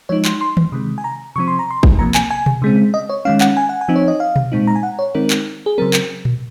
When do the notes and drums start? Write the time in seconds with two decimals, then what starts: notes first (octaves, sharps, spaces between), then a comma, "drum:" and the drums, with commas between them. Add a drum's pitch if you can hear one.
0.09 F3 G#3 D#4 C#5
0.25 C6, drum: clap
0.41 C6
0.57 drum: tom D#3
0.72 C3 D#3 G#3
0.98 G#5
1.04 A#5
1.36 C3 F3 C4 C#6
1.48 C6
1.59 A#5
1.71 C6
1.83 drum: kick
1.99 C3 F3 A#3 A#5
2.15 G#5, drum: clap
2.31 G#5
2.46 drum: tom B2
2.62 C#3 G#3 C4
2.94 D#5
3.09 C#5
3.25 D#3 G#3 C#4 F5
3.41 F#5, drum: clap
3.57 G#5
3.69 F#5
3.81 G#5
3.89 F3 C4 D#4
3.96 C#5
4.08 D#5
4.20 F5
4.36 drum: tom B2
4.52 A#2 G#3 C4 D#4
4.67 A#5
4.76 G#5
4.83 F#5
4.99 C#5
5.15 D#3 G#3 C4 D#4 A#4
5.30 drum: clap
5.66 G#4
5.78 C#3 F#3 C4 A#4
5.94 drum: clap
6.25 drum: tom A#2